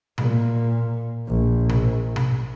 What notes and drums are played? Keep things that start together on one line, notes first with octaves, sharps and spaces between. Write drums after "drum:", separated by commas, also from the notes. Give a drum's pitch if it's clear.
A#2, drum: tom B2
A#1
drum: tom B2
drum: tom B2